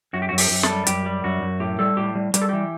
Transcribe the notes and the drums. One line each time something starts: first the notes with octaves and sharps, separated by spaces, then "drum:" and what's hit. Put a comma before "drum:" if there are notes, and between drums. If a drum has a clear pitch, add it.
F#2 F#4
G4
F#4
F#2
G4, drum: open hi-hat
F#2
A4, drum: snare
G3
F#2 G4, drum: hi-hat
G3
F#2 F#4
F#2
A2 G4
G3 A4
A2 G4
G3
G3 G4, drum: hi-hat
A4
E3 G4